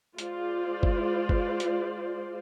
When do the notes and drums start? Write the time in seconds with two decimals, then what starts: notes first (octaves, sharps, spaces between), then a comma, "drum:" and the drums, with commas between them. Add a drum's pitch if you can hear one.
0.18 G#3 F4 C5 D5, drum: hi-hat
0.83 drum: kick F#1
1.29 drum: kick F#1
1.60 drum: hi-hat